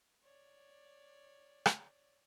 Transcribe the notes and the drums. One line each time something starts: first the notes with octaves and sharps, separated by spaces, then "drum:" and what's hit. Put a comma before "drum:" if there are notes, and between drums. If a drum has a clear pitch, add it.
C#5 D5
drum: rim click